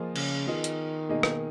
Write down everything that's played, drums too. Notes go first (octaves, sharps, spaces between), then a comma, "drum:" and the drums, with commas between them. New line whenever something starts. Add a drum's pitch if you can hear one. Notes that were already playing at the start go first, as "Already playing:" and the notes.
Already playing: F3 A#3 F4 G#4 D#5
C#3, drum: cymbal
D#3 B3 F4 G#4 D#5
drum: hi-hat
B2 A#3 D#4 G#4 D#5
drum: rim click